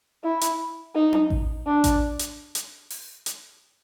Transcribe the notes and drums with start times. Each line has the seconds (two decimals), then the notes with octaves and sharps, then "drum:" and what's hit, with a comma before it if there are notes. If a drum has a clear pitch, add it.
0.24 E4
0.41 drum: hi-hat
0.95 D#4
1.13 drum: tom C#4
1.30 drum: kick A1
1.66 D4
1.84 drum: kick A1, hi-hat
2.19 drum: hi-hat
2.55 drum: hi-hat
2.90 drum: open hi-hat
3.26 drum: hi-hat